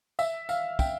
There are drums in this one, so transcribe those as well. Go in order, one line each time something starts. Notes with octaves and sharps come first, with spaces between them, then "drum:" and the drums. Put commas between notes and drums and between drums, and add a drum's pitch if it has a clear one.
E5, drum: tambourine
F5, drum: tambourine
G5, drum: kick, tambourine